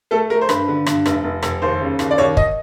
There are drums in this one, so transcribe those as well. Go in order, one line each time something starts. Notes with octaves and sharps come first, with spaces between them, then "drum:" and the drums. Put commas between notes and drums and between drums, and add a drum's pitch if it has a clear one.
A3 A4
A3 A#4
C5
G2 B4, drum: rim click
D3
G2, drum: rim click
F1, drum: rim click
F1
F1, drum: rim click
D#2 C5
C#3
D#2, drum: rim click
D5
D#2 C#5
D#5, drum: kick